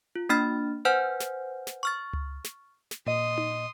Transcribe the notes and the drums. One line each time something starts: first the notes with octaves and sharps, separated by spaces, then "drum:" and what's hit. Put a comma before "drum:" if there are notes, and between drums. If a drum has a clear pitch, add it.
F4
A#3 D4 B5 F6 A6
B4 C5 F#5 G#5 F6 G6
drum: snare
drum: snare
C#6 F6 A6
drum: tom C#2
drum: snare
drum: snare
A#2 D#5 C6 D#6
drum: tom D#4